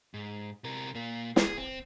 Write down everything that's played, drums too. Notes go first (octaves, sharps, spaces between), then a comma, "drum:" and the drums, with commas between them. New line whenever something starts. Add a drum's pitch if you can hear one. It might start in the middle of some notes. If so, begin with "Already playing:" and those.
G#2
C3 A#4
A#2 A#3
G#4, drum: snare
C4